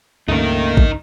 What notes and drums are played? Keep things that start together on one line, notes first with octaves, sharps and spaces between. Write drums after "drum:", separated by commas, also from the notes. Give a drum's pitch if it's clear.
C#2 G2 A3 A#3 C#4 D#4 A#4
drum: kick